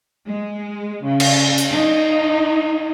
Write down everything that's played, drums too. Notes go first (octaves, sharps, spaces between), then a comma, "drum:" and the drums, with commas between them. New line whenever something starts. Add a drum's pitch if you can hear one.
G#3
C#3
drum: cymbal
drum: hi-hat
D#4